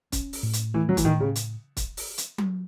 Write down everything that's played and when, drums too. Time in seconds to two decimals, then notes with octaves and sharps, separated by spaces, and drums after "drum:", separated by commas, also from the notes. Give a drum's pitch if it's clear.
0.12 C#4, drum: kick, hi-hat
0.33 drum: open hi-hat
0.43 A2
0.53 drum: hi-hat
0.74 E3 A3
0.89 F#3
0.97 E3, drum: kick, hi-hat
1.05 A2 D#3
1.20 C#3
1.36 drum: hi-hat
1.77 drum: kick, hi-hat
1.97 drum: open hi-hat
2.18 drum: hi-hat
2.38 drum: tom F#3